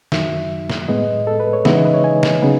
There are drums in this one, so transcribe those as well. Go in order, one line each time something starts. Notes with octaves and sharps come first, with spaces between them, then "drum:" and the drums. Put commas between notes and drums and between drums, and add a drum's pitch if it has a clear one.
F#2 D#3 F#3 E5, drum: snare
drum: snare
A2 G#3 B3 D#5
A4
B4
C#5
C#3 E3 G#3 B3 D#4 E5, drum: snare
D#5
B4
C#5
G#5
drum: snare
C#3 F#3 B3 D#4